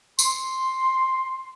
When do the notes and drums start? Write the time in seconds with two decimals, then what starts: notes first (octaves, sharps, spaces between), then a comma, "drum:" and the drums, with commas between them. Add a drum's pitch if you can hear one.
0.19 C6, drum: tambourine